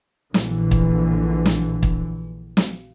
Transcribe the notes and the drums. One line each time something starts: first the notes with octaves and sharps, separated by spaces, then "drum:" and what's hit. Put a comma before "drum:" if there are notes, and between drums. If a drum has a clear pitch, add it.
A#1 D3 E3, drum: snare
drum: kick
drum: snare
drum: kick
drum: snare